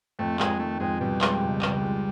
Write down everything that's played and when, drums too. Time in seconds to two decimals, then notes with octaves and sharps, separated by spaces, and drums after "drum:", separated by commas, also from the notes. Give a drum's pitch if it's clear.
0.19 F2 A3
0.40 F2 G#3, drum: clap
0.60 D#3 A3
0.80 F2 G#3
1.00 B2 G3
1.21 G#3, drum: clap
1.41 C#2
1.62 C#2, drum: clap
1.81 G#3